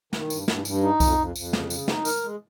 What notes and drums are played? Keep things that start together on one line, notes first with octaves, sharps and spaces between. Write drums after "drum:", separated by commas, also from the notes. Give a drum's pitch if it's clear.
D#3, drum: snare
G2, drum: tambourine
G2, drum: snare
G2, drum: tambourine
D#4
F2, drum: kick C2, tambourine
F2
F2, drum: tambourine
C#3, drum: snare
C#3, drum: tambourine
D#4, drum: snare
A#4, drum: tambourine
G#3